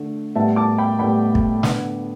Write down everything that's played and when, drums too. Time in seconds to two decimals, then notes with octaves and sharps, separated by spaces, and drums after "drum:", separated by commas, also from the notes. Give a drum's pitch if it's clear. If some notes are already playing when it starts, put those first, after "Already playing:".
Already playing: D3 A3
0.35 A2 G3 B3 E5 A5
0.56 A5 D6
0.78 G5 B5
0.99 A2 G3 B3 G5 B5
1.35 drum: kick
1.63 D3 B3, drum: snare